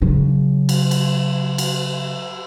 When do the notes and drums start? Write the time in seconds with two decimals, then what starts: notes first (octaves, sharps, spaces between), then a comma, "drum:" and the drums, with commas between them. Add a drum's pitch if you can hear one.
0.02 C#3 F#3
0.69 drum: cymbal
0.91 drum: cymbal
1.58 drum: cymbal